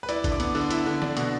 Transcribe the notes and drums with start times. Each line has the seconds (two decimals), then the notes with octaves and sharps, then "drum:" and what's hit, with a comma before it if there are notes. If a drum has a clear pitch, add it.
0.03 B4
0.09 E4 D5, drum: hi-hat
0.24 D3, drum: kick G#1, hi-hat
0.32 D6
0.40 B3, drum: hi-hat
0.55 D3, drum: open hi-hat
0.71 E4, drum: hi-hat
0.86 D3
1.02 D4, drum: snare
1.17 B2, drum: hi-hat